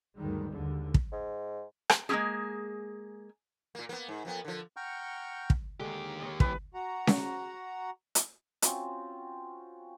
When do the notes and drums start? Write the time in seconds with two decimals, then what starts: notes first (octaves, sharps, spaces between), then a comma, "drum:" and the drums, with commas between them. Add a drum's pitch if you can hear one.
0.18 D2 G2 D#3 G3 G#3
0.50 D#2 D3 G#3
0.94 drum: kick
1.12 G#2
1.90 drum: rim click
2.09 G#3 A#3 C#4 G4 G#4
3.75 A#2 A#3
3.89 A#3 B3
4.08 G#2
4.25 F2 A#3 B3
4.45 D3 F3
4.76 F#5 G5 A#5 C#6 F6 G6
5.50 drum: kick
5.80 D#2 D3 G#3 G4
6.22 C#5 D#5
6.40 G2 E3 B4, drum: kick
6.74 F#4 F#5 A#5
7.07 drum: snare C#4
8.15 drum: hi-hat
8.62 C4 C#4 F4 F#4, drum: hi-hat